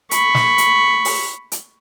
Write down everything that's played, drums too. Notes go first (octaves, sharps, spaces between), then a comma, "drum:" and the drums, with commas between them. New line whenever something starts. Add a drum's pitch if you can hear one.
B5 C#6, drum: hi-hat
drum: snare
drum: hi-hat
drum: open hi-hat
drum: hi-hat